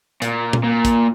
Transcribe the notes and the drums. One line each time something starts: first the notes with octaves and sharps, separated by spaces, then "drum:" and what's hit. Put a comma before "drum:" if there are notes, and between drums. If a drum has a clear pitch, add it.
A#2, drum: hi-hat
drum: tom A#2
A#2
drum: kick, hi-hat